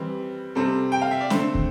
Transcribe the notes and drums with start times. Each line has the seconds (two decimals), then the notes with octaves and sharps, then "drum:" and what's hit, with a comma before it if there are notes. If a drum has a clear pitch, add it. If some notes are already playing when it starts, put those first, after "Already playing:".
Already playing: E3 G3 C4
0.55 C3 G3 C4 A4
0.92 G5
1.01 F5
1.11 E5
1.21 D5
1.30 D3 A3 C4 C5, drum: snare
1.55 drum: kick